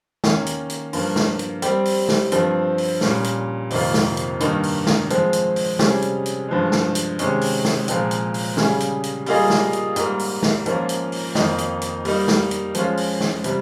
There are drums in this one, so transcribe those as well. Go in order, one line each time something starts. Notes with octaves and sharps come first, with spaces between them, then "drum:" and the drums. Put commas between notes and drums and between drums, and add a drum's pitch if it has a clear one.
D#3 A#3 C#4, drum: snare
drum: hi-hat
drum: hi-hat
G2 F3 A#3, drum: open hi-hat
drum: snare
drum: hi-hat
G3 C4 G4, drum: hi-hat
drum: open hi-hat
drum: snare
G2 F3 C4, drum: hi-hat
drum: open hi-hat
A#2 G3 C#4, drum: snare
drum: hi-hat
F2 C3 D#3 A#3 F4, drum: open hi-hat
drum: snare
drum: hi-hat
G2 D#3 A#3 D#4, drum: hi-hat
drum: open hi-hat
drum: snare
F3 G#3 C4, drum: hi-hat
drum: hi-hat
drum: open hi-hat
C3 G3 C#4 G#4, drum: snare
drum: hi-hat
drum: hi-hat
G2 F3 G#3
drum: snare
drum: hi-hat
C3 D#3 G#3 C#4, drum: hi-hat
drum: open hi-hat
drum: snare
A#2 F3 G#3 C4, drum: hi-hat
drum: hi-hat
drum: open hi-hat
C#3 G3 C#4 G#4, drum: snare
drum: hi-hat
drum: hi-hat
G3 A#3 F4 G#4 D#5, drum: open hi-hat
drum: snare
drum: hi-hat
G#2 G3 A#3, drum: hi-hat
drum: open hi-hat
drum: snare
G#2 F3 A#3 C#4 F4, drum: hi-hat
drum: hi-hat
drum: open hi-hat
F2 D#3 A#3 D#4, drum: snare
drum: hi-hat
drum: hi-hat
G3 A#3 D#4, drum: open hi-hat
drum: snare
drum: hi-hat
F3 G#3 C#4 F4, drum: hi-hat
drum: open hi-hat
drum: snare
C3 G3, drum: hi-hat